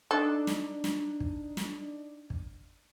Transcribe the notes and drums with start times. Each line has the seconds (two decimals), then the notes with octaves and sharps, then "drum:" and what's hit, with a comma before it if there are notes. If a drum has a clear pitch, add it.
0.11 D4 D#4 A4
0.47 drum: snare
0.84 drum: snare
1.20 drum: kick
1.57 drum: snare
2.30 drum: kick